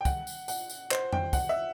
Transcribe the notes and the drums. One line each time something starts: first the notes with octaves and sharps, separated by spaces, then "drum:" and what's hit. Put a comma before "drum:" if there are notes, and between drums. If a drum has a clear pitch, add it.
G5
F#5, drum: kick, tambourine
drum: tambourine
F#5, drum: tambourine
drum: tambourine
C5, drum: clap
G5, drum: tom F2
F#5, drum: kick, tambourine
E5